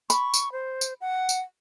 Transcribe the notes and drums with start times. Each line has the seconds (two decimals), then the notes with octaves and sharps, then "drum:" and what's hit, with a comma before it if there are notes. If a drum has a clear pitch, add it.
0.10 B5 C#6, drum: tambourine
0.34 drum: tambourine
0.52 C5
0.81 drum: tambourine
1.01 F#5
1.29 drum: tambourine